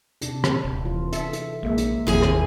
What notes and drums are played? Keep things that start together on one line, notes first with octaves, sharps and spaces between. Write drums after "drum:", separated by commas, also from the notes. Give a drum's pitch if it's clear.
C3 D4, drum: hi-hat
drum: rim click
D#1
E3 F4
A4 E5, drum: hi-hat
drum: hi-hat
A#1 G#3 A#3 E5
drum: hi-hat
G1 D#2 A#2 E4 G#4 G#5
drum: rim click